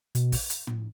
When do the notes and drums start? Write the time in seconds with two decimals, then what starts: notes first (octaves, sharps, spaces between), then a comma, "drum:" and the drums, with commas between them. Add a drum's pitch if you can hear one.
0.15 B2, drum: hi-hat
0.32 drum: kick, open hi-hat
0.50 drum: hi-hat
0.67 drum: tom A2